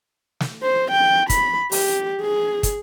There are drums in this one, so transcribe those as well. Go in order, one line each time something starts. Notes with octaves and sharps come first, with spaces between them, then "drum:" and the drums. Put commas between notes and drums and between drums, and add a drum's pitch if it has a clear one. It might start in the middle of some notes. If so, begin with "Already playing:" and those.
drum: snare
C5
G5
B5, drum: kick, hi-hat
G4, drum: open hi-hat
G#4
drum: kick, hi-hat